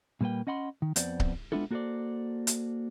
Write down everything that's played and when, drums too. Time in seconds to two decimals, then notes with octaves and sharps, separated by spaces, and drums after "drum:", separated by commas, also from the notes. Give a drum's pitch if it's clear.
0.21 A#2 G3 A#3 B4 G5
0.47 C#4 D#5 F#5 B5 C6
0.82 D#3
0.96 F2 B3 C5 D5, drum: hi-hat
1.20 drum: kick C#1
1.52 G#3 B3 D4 E4 F4 A4
1.71 A#3 F#4 A4 A#4 C5 D5
2.47 drum: hi-hat